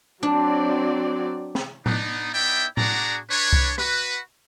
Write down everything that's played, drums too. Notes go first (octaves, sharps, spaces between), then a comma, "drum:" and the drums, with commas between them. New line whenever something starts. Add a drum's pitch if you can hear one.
F#3 C4 D4 D5
drum: snare
B3 D4 D#4, drum: tom A2
B3 D#4 E4 D5 E5 G5
D4 F#4 G#4 D5 F#5 A#5, drum: tom A2
D4 B4 C#5
drum: kick C2
F#4 B4, drum: rim click